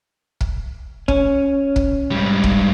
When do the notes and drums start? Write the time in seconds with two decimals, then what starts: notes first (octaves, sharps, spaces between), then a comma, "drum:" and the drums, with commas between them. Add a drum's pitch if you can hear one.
0.41 drum: kick
1.08 C#4, drum: kick
1.76 drum: kick
2.11 G#2 G3
2.43 drum: kick